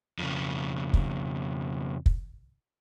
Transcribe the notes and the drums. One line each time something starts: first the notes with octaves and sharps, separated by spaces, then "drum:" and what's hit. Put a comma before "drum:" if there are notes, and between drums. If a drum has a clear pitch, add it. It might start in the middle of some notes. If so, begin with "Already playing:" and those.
F2 C#3
drum: kick
drum: kick